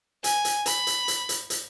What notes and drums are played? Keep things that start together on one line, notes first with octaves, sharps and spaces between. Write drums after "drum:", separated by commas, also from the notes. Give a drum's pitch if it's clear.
G#5, drum: hi-hat
drum: hi-hat
B5, drum: hi-hat
drum: hi-hat
drum: hi-hat
drum: hi-hat
drum: hi-hat